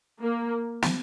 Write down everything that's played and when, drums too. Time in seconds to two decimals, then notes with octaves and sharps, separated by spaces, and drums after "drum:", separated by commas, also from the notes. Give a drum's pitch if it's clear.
0.22 A#3
0.82 drum: snare